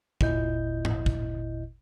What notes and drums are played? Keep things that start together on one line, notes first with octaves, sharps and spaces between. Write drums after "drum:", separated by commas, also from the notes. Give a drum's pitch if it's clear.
G1 D#2 A#2 E4 D#5 G6, drum: kick
drum: tom G#2
drum: kick